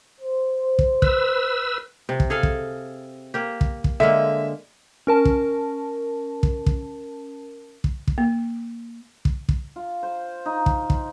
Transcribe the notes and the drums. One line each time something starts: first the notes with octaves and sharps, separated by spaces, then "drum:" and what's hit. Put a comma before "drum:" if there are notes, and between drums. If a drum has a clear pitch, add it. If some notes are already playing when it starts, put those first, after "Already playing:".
C5
drum: kick
B4 E6, drum: kick
C3
drum: kick
G#4 A4 F5
drum: kick
A#3 G4
drum: kick
drum: kick
D3 G#3 A#3 E5
C#4 A#4 A5
drum: kick
drum: kick
drum: kick
drum: kick
drum: kick
A#3
drum: kick
drum: kick
F4
C5
D#4
drum: kick
drum: kick